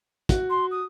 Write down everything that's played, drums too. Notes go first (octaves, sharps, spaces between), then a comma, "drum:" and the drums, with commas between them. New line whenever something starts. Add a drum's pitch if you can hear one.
F#4, drum: kick, hi-hat
C6
D#6